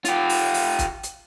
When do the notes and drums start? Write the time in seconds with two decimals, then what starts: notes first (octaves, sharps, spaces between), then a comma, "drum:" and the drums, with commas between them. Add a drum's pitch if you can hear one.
0.05 F4 G4, drum: hi-hat
0.29 drum: open hi-hat
0.54 drum: open hi-hat
0.79 drum: kick, hi-hat
1.03 drum: hi-hat